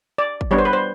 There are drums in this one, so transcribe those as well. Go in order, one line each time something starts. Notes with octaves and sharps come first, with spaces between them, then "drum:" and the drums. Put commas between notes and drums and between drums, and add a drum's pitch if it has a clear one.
D5
drum: kick
G3 B3 D4 C#5
C5
B4
C5